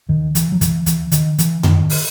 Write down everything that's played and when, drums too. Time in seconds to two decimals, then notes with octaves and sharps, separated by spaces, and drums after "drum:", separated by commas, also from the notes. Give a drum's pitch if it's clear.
0.09 D#2 D#3
0.35 E3, drum: hi-hat
0.52 F#3
0.61 E3, drum: kick, hi-hat
0.86 D#2 E3, drum: hi-hat
1.12 D#3, drum: hi-hat
1.39 E3, drum: hi-hat
1.63 F#2 D#3, drum: tom
1.90 drum: open hi-hat